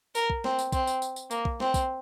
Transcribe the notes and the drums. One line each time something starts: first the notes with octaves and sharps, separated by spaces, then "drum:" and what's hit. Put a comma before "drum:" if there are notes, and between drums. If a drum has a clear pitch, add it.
A#4, drum: tambourine
drum: kick
C4, drum: snare
drum: tambourine
C4, drum: kick, tambourine
drum: tambourine
drum: tambourine
drum: tambourine
A#3, drum: tambourine
drum: kick
C4, drum: snare
drum: kick, tambourine